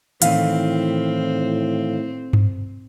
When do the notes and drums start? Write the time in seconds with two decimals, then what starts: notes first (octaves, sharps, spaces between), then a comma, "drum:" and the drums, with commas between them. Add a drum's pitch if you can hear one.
0.22 A2 D#3 E3 C4 F5, drum: hi-hat
2.33 drum: tom G2